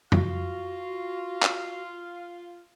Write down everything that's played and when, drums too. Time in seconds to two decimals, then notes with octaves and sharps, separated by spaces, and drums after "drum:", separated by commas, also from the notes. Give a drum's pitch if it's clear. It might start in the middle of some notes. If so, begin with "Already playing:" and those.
0.12 F4 F#4 F5, drum: tom F2
1.42 drum: clap